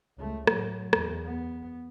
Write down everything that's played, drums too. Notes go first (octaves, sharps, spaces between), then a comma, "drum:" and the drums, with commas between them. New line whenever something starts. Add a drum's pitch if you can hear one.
C#2 A3
A2 F#3, drum: rim click
E2, drum: rim click
B3